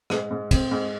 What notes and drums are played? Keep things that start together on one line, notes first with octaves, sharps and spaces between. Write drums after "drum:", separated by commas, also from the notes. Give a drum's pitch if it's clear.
G#2, drum: rim click
G#2
C4, drum: kick, cymbal
G#2